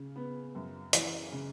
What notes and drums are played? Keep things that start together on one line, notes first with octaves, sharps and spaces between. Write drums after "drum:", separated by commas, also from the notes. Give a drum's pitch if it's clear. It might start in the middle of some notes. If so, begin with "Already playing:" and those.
Already playing: C#3
B3
F#2
E3, drum: hi-hat
C#3